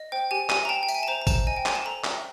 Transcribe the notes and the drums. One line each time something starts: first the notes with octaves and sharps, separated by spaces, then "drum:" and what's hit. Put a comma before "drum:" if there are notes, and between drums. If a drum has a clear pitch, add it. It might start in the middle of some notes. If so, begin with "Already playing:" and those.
Already playing: D#5
C5 G5
G4 G#5
G4 G#5, drum: clap
A#5
G5 A5
G5
E5, drum: tambourine
G#5
A5
C5 A#5
A#5
C5 A5, drum: kick, tambourine
D#5 G#5
G5
C5 G#5, drum: clap
A5
A4 A#5
G5, drum: clap